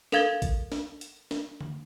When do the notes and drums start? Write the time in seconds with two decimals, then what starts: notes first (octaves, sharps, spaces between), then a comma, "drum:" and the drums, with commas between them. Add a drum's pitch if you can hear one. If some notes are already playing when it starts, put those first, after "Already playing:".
0.12 A4 A#4 F5 G#6 A6 G7, drum: snare
0.42 drum: kick A1, hi-hat
0.72 drum: snare
1.01 drum: hi-hat
1.31 drum: snare
1.61 drum: tom D3